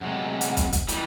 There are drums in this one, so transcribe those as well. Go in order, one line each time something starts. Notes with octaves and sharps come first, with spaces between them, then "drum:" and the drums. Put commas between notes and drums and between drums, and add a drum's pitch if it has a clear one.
F#2 C3 G#3 F#5
drum: hi-hat
drum: kick, hi-hat
drum: kick, hi-hat
E3 G3 D#4 E4, drum: hi-hat